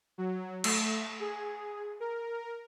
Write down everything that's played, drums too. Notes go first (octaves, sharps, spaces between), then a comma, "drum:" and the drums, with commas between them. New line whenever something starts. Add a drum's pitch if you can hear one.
F#3
A3, drum: cymbal
G#4
A#4